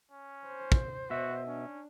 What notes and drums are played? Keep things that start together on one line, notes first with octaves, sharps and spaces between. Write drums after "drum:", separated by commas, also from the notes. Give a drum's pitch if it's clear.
C#4
C5
drum: kick
B2 F#4 E5
C#4 D4